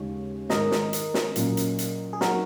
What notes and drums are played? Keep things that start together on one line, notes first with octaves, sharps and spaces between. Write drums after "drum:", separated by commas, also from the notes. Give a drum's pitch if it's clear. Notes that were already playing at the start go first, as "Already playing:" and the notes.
Already playing: D#2 C#3 G#3 C#5
G#2 D#3 G#3 A#4 D#5, drum: snare
drum: snare
drum: hi-hat
drum: snare
A#2 F#3 A#3 C#4, drum: hi-hat
drum: hi-hat
drum: hi-hat
G#4
F#3 A#3 D#4 F#4 A#4, drum: snare